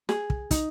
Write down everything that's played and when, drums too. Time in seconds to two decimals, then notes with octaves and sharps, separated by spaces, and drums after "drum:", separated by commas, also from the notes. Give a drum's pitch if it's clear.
0.09 G#4, drum: snare
0.30 drum: kick
0.51 D#4, drum: kick, hi-hat